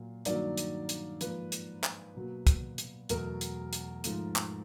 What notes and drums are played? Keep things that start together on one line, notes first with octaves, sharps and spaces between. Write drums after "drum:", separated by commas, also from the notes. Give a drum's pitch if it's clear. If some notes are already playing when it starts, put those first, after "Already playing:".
Already playing: A#2 F#3 A#3
G2 D#3 F#3 A#3 D5, drum: hi-hat
drum: hi-hat
drum: hi-hat
G#2 F3 A#3 B4, drum: hi-hat
drum: hi-hat
drum: clap
B2 F#3 A#3
drum: kick, hi-hat
drum: hi-hat
E2 B2 F#3 A3 A#4, drum: hi-hat
drum: hi-hat
drum: hi-hat
G#2 F3 A3, drum: hi-hat
drum: clap